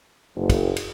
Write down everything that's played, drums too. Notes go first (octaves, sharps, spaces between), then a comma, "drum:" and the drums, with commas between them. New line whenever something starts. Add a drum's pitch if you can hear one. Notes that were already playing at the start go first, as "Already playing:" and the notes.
F#1
drum: kick, cymbal
drum: cymbal